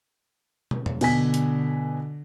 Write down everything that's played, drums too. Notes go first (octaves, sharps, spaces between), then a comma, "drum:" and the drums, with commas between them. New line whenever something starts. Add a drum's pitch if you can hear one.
drum: tom
drum: tom
B2 D3 G#5 B6, drum: cymbal
drum: hi-hat